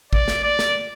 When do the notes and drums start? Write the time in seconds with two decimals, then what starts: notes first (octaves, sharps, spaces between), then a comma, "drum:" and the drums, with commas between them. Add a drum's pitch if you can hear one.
0.13 D5, drum: kick A1
0.28 drum: snare
0.44 D5
0.59 drum: snare